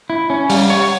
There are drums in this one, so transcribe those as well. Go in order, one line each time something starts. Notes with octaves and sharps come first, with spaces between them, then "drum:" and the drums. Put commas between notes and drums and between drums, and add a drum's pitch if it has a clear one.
E4
C#4
G3, drum: open hi-hat
C#5